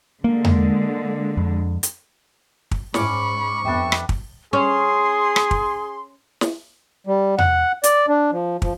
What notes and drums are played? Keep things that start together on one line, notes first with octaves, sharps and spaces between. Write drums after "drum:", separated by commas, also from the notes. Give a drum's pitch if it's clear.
D3 G#3 A#3
drum: tom E2
F2
drum: hi-hat
drum: kick
G#2 C#4 B5 C#6 D6, drum: snare
F2 G3 B3 D4 E5
drum: rim click
drum: kick
C#4 G#4 C6
drum: rim click
drum: kick
drum: snare
G3
F#5, drum: tom E2
D5, drum: hi-hat
D4
F3
F3, drum: kick